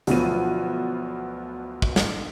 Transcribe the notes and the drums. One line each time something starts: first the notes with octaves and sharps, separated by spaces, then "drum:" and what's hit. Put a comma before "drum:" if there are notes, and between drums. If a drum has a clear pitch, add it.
D2 B2 F3 F#3 B3 D#7, drum: hi-hat
drum: kick
drum: snare